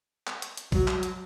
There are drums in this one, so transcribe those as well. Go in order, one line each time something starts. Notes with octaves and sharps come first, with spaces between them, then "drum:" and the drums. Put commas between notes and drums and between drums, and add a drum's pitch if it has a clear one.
drum: clap
drum: hi-hat
drum: hi-hat
F#3, drum: kick, open hi-hat
drum: clap
drum: hi-hat